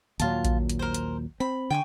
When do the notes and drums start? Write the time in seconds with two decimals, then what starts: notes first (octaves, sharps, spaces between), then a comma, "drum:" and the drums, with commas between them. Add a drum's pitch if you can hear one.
0.20 D#2 A#2 F#3 F4 A5, drum: hi-hat
0.45 drum: kick A#1, hi-hat
0.70 drum: hi-hat
0.79 A#4 C5
0.94 drum: hi-hat
1.40 C4 B5
1.70 D3 G5 G#5 C#6